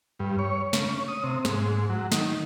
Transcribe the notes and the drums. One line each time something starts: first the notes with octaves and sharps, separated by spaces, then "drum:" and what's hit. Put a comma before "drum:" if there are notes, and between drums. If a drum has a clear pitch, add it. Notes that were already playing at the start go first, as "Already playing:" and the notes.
G2
C#5
C#3, drum: snare
C#4
D#6
C3
G#2, drum: snare
F#3
D#3, drum: snare